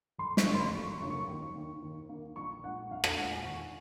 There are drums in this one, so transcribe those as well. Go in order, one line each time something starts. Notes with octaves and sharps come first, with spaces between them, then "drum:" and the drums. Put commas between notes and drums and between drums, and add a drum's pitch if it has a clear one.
F1 C6
C#6, drum: snare
F2 C#3 F#3 A#3
C6
F1 C#6
C#6
F2 C#3 F#3 A#3
C#6
D#2
D#3 A#3
D#2
D#3 A#3
A#1 C#6
A#2 G#3 F#5
A#1 F5
F5, drum: rim click
A#2 G#3 F#5
G#5
D#2 C#6